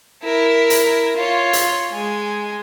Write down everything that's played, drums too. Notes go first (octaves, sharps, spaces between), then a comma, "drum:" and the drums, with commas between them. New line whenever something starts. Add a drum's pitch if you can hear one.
E4 A#4
drum: hi-hat
F4 C#5
drum: hi-hat
G#3 G#5